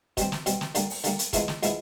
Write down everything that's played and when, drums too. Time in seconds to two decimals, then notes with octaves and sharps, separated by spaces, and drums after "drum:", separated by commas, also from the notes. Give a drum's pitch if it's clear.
0.17 B2 G3 C4, drum: kick, hi-hat
0.32 drum: snare
0.46 B2 G3 C4, drum: hi-hat
0.61 drum: snare
0.75 D3 G3 A#3, drum: hi-hat
0.90 drum: open hi-hat
1.04 D3 G3 A#3, drum: hi-hat
1.19 drum: hi-hat
1.33 F3 G#3 B3 E4 G#4, drum: kick, hi-hat
1.48 drum: snare
1.63 F3 G#3 B3 E4 G#4, drum: hi-hat